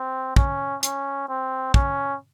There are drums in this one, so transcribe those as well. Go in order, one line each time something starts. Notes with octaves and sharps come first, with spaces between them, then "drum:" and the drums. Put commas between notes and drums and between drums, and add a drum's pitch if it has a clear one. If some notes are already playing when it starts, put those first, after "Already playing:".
Already playing: C4
C#4, drum: kick
C#4, drum: hi-hat
C4
C#4, drum: kick